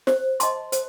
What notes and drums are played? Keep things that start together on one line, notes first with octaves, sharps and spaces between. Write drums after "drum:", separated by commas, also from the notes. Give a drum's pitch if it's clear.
C5, drum: snare
D#5 A5 C6, drum: hi-hat
C5, drum: hi-hat